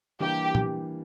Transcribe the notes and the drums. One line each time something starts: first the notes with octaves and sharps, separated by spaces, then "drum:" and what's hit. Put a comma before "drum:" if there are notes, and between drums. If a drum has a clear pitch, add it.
E3 G3 A#3 D4 G4
drum: tom